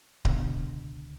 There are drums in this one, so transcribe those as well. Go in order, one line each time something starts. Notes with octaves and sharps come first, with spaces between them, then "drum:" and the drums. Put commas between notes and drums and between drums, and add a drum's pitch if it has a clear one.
C#2 B2 D3, drum: kick D1